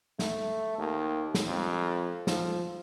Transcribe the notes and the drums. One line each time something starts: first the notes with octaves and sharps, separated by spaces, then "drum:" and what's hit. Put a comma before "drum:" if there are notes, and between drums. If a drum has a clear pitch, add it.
A3, drum: snare
D#2
drum: snare
F2
F3, drum: snare